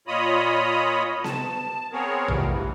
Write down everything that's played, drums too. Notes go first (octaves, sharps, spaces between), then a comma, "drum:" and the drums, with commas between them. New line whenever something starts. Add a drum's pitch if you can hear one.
A#2 F4 C#5 D#5 B5 D#6
A5, drum: snare B3
B3 C4 G#4 A#4 C#5
A2 C3 F3 G3, drum: tom A#1
G2 E3